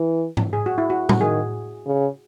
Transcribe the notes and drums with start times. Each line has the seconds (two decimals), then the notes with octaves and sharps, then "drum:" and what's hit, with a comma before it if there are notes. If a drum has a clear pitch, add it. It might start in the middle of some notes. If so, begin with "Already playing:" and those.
Already playing: E3
0.37 drum: tom G#2
0.53 G#4
0.66 F#4
0.78 E4
0.90 F#4
1.09 F#4, drum: tom A2
1.20 D#3 G#4
1.87 C#3